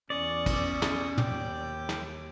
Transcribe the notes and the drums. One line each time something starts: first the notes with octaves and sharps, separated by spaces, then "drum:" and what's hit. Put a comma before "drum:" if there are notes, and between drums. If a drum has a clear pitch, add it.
E2 C#4 D5 C#6 D#6
drum: kick, cymbal
drum: snare
D#2 G5 D6, drum: tom
drum: snare